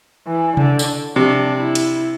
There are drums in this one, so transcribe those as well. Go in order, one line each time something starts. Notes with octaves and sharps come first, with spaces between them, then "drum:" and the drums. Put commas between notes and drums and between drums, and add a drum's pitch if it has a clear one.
E3
D3, drum: tom C3
drum: tambourine
C3 D4
E4
drum: hi-hat